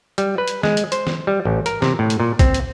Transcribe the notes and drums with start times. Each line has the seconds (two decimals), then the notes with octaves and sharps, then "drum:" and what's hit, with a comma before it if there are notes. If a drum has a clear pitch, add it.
0.18 G3, drum: hi-hat
0.38 B4
0.48 drum: hi-hat
0.63 G#3, drum: snare
0.77 drum: hi-hat
0.92 C5, drum: hi-hat
1.07 drum: snare
1.27 G3
1.45 A1
1.66 A#4, drum: hi-hat
1.82 C3, drum: snare
1.99 A2
2.10 drum: hi-hat
2.20 A#2
2.39 C4, drum: kick A#1, hi-hat
2.54 drum: hi-hat